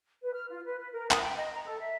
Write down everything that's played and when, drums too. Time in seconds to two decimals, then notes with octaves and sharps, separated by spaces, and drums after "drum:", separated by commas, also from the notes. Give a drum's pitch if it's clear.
0.22 B4
0.34 F6
0.50 F4
0.66 B4
0.79 B4
0.93 A#4
1.11 D#6, drum: clap
1.23 G5
1.36 D#5
1.54 A#5
1.66 A4
1.81 E5